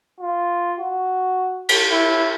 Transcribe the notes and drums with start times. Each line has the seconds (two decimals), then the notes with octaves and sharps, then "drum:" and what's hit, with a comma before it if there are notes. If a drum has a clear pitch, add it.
0.20 F4
0.78 F#4
1.69 drum: cymbal
1.92 E4